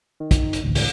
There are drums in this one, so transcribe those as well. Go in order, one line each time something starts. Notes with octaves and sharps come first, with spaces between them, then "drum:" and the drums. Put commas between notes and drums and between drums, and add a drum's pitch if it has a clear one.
D#3
drum: kick, hi-hat
drum: hi-hat
A1 D2
C#2, drum: open hi-hat